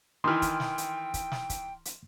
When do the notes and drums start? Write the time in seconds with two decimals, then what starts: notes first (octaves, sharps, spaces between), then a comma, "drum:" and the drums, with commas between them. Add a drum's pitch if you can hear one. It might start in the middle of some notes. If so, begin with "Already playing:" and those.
0.24 D#3 E3 G5 C6 F6
0.42 drum: kick, hi-hat
0.60 drum: snare
0.78 drum: hi-hat
1.14 drum: kick, hi-hat
1.32 drum: snare
1.50 drum: kick, hi-hat
1.85 drum: hi-hat